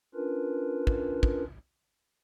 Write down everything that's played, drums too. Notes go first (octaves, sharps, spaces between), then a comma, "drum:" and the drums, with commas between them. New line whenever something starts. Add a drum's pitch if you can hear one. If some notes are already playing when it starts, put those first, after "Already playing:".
C#4 D4 F4 A#4 B4
drum: kick
drum: kick